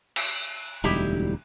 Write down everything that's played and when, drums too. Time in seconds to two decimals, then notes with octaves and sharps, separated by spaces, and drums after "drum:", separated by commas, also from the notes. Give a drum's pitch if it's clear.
0.16 drum: cymbal
0.84 E1 D2 G3 D#4 E4 G4